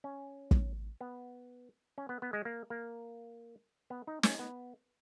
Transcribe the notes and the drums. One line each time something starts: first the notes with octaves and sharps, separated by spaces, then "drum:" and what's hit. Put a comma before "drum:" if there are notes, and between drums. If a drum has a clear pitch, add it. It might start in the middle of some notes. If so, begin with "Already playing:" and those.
C#4
drum: kick
B3
C#4
B3
B3
G#3
A#3
A#3
B3
D#4
C#4, drum: snare
B3